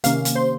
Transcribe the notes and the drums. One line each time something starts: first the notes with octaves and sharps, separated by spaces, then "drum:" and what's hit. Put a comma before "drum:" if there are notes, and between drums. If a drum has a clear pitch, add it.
C3 D#3 A#3 C#4 F5 F6, drum: hi-hat
drum: hi-hat
C5 C6